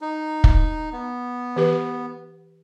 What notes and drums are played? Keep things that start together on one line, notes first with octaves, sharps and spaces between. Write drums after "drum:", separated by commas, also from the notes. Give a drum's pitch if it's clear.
D#4
drum: kick
B3
E3 G4 B4